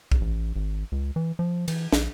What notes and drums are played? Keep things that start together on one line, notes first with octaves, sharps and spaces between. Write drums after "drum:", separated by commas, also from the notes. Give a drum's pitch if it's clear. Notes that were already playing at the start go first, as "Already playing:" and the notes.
drum: kick B1
A1
G#1
C#2
E3
F3
E3, drum: cymbal
A#1, drum: snare